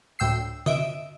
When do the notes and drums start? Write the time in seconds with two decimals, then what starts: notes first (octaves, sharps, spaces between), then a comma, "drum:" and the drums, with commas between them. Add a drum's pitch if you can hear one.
0.19 D2 A2 G5 E6 C7
0.66 D#5 E5 D7, drum: tom D3